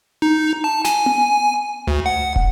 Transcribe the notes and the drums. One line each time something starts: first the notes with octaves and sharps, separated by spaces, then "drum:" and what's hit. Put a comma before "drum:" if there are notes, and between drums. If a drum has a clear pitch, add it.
D#4
A5
G#5, drum: snare
drum: tom B3
D2
F#5
drum: kick